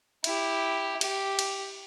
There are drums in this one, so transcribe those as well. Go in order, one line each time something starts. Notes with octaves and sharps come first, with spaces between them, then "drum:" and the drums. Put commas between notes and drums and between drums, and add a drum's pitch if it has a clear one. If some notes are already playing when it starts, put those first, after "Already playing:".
E4 G4, drum: cymbal
G4, drum: cymbal
drum: cymbal